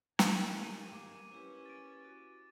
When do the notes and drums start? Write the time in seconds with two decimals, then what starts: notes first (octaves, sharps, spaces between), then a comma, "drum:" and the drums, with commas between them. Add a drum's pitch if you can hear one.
0.19 D#3 G#5, drum: snare
0.62 G4 D#7
0.92 A#3 D6
1.32 C#4 E4 G4 B4
1.66 A6 D7
2.05 F#4